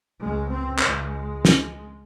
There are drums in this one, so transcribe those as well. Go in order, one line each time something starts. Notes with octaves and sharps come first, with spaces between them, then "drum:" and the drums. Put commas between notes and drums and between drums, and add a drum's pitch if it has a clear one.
C#2 C#3 G#3
C4
C#2 C#3 G#3, drum: clap
drum: snare